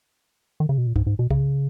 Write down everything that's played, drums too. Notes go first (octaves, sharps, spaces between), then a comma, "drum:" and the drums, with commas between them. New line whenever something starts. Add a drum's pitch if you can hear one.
D#3
C#3
B2
A#2
G#2, drum: kick C2
G#2
B2
C#3, drum: kick C2